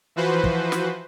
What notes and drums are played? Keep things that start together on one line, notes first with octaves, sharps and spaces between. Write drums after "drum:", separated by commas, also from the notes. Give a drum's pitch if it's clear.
E3 F3 F#4 B4 C5
drum: kick
drum: snare